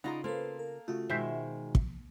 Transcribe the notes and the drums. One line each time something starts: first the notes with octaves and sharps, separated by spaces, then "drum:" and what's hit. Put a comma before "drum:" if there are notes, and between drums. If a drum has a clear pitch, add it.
C#3 D#4 F4 D5 D#5 F#5 A#5 B5
A#3 A4 B4 C5 C6
A#4
C#3 A3 F4 F#4
B2 D#3 G#3 C5 E5
drum: kick